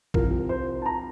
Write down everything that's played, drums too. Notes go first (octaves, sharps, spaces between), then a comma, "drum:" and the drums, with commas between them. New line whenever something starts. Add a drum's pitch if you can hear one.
C2 C3 F3 A#4, drum: kick
C5
A5
A#5